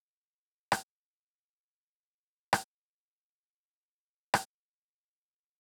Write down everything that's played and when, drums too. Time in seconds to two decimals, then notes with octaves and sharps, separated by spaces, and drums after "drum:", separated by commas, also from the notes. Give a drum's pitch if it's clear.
0.04 D#2 D#3
0.72 drum: rim click
1.84 D2 D3
2.53 drum: rim click
4.34 drum: rim click